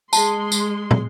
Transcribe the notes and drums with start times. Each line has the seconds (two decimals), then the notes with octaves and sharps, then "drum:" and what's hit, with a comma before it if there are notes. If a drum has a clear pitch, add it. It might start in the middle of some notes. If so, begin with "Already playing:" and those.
0.13 G#3 A5 C6, drum: tambourine
0.52 drum: tambourine
0.91 drum: tom